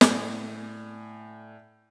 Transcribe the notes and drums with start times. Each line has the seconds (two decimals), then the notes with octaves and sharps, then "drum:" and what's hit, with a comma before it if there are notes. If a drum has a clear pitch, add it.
0.01 A2 D5 G#5, drum: snare